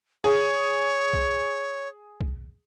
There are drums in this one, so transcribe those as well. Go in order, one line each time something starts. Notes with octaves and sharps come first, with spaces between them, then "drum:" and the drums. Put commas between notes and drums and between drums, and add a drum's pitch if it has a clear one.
G#4 C#5
drum: kick
drum: kick